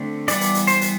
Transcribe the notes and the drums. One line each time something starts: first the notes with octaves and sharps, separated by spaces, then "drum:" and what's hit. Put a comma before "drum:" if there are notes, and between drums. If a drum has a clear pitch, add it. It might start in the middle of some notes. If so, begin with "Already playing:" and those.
Already playing: D3 A3 C4
E3 G3 B3 D5, drum: hi-hat
drum: hi-hat
drum: hi-hat
C5, drum: hi-hat
drum: hi-hat